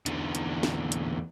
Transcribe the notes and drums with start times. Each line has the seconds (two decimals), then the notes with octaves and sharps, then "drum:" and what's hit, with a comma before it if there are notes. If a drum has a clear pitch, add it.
0.06 E2 D3, drum: hi-hat
0.35 drum: hi-hat
0.63 drum: snare
0.92 drum: hi-hat